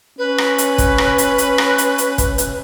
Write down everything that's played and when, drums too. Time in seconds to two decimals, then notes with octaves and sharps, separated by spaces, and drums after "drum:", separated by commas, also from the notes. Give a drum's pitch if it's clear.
0.18 C#4 B4
0.38 drum: rim click
0.58 drum: hi-hat
0.78 drum: kick, hi-hat
0.98 drum: rim click
1.18 drum: hi-hat
1.38 drum: hi-hat
1.58 drum: rim click
1.78 drum: hi-hat
1.98 drum: hi-hat
2.18 drum: kick, hi-hat
2.38 drum: hi-hat